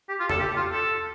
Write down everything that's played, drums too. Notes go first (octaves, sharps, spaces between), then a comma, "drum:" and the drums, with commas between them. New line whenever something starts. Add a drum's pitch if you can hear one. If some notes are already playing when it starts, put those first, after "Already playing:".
G4
F4
A4, drum: tom E2
G4
F4
A4